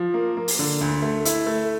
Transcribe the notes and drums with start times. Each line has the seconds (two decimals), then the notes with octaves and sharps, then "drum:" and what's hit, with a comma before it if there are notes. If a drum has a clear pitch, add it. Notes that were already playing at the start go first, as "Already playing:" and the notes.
Already playing: F3
0.14 A#3
0.37 A#3
0.48 drum: open hi-hat
0.59 D3
0.81 D2
1.02 A3
1.25 E4, drum: hi-hat
1.46 A3